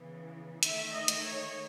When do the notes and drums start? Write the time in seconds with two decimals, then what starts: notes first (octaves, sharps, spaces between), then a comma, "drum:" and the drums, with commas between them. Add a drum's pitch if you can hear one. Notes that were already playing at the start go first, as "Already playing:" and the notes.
Already playing: C#3 E3 B3
0.63 D#3 A3 E5, drum: hi-hat
0.93 D#5
1.08 drum: hi-hat
1.23 C#5